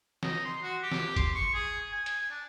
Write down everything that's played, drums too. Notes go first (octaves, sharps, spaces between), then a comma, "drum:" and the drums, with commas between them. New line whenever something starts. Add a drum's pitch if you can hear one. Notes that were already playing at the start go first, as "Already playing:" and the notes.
D#4, drum: snare
C6
F#4
G4
drum: snare
C6, drum: kick G1, hi-hat
C#6
G#4
G#5
drum: hi-hat
D4